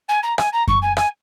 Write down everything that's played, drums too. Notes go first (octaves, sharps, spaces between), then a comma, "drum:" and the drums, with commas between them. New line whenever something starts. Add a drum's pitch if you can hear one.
G#5
A#5
G#5, drum: rim click
A#5
C#6, drum: kick F#2
G#5
G#5, drum: rim click